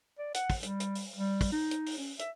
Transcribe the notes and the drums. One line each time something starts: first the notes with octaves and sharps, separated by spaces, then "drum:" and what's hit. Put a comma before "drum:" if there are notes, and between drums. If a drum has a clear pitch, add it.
D5
F#5, drum: hi-hat
drum: kick, open hi-hat
G3, drum: hi-hat
drum: hi-hat
drum: open hi-hat
G3
drum: kick, open hi-hat
D#4
drum: hi-hat
drum: open hi-hat
C#4
E5, drum: hi-hat